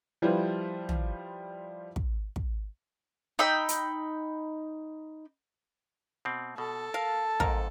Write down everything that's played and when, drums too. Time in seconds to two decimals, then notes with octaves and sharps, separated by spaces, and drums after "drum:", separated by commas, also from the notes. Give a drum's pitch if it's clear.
0.22 F3 G3 E4 F4 B4 C5
0.89 drum: tom
1.96 drum: kick
2.36 drum: kick
3.39 D#4 G5 B5 E6
3.69 drum: hi-hat
6.25 B2 C4
6.58 B2 A4
6.94 A#4 F5 A5
7.40 F2 G#2 A#4, drum: kick